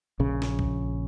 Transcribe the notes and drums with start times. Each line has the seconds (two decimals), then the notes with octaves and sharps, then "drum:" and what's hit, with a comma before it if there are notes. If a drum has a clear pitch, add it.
0.20 A#1 C#3
0.42 drum: snare
0.59 drum: kick